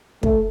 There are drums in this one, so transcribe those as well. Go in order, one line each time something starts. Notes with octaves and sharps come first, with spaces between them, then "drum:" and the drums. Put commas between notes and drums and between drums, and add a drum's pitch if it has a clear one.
A3, drum: kick